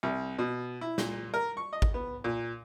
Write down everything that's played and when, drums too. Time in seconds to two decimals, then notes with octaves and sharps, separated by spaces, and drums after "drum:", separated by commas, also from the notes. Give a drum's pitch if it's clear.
0.03 C2
0.39 B2
0.81 E4
0.98 A#2, drum: snare
1.34 A#4
1.57 C#6
1.73 D#5
1.82 drum: kick G#1
1.94 B3
2.24 A#2